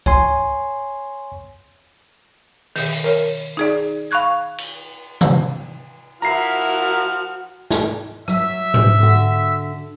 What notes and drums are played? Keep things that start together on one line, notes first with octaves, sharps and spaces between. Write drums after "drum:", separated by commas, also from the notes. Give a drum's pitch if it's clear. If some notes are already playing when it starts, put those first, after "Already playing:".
C#5 G#5 C6, drum: kick C#2
B2 D#3, drum: open hi-hat
A#4 C#5
D#4 G#4 D5
F5 B5 C#6 F#6 G#6
drum: cymbal
drum: tom C3
F3 E4 F#4 A#4 A#5 F6 C7
drum: snare
F#3 E5, drum: rim click
drum: tom G#2
D3 F#4